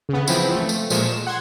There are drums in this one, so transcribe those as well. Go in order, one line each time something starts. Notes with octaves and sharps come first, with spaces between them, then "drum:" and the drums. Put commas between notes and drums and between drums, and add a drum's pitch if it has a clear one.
C#3 B3
E3 F3 C4 E4, drum: tambourine
F3 A3
drum: tambourine
A#2 F3 G#3 C#6 E7, drum: tambourine
E7
F#5 C6 G#6